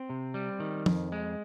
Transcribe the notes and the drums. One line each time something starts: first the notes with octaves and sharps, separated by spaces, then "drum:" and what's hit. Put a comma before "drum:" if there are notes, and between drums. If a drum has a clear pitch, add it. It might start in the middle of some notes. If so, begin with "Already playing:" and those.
Already playing: C4
C3
G3
D#3
F2, drum: tom
G#3